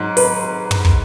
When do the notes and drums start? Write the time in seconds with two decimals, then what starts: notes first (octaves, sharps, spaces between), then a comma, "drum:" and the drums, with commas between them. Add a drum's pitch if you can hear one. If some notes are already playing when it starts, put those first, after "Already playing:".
Already playing: G#2 F#3
0.17 B4, drum: open hi-hat
0.71 drum: tom
0.85 drum: kick